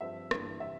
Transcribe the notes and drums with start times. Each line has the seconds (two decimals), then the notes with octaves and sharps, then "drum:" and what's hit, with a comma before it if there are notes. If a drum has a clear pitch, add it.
0.01 G2 F3 C4 E5
0.31 G1 G2 E3 A#3 D4, drum: rim click
0.60 C3 E5